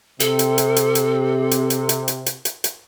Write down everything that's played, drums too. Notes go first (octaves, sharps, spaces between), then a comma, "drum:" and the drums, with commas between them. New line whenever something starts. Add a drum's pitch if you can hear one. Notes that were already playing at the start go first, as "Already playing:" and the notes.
C3 A4, drum: hi-hat
drum: hi-hat
drum: hi-hat
drum: hi-hat
drum: hi-hat
drum: hi-hat
drum: hi-hat
drum: hi-hat
drum: hi-hat
drum: hi-hat
drum: hi-hat
drum: hi-hat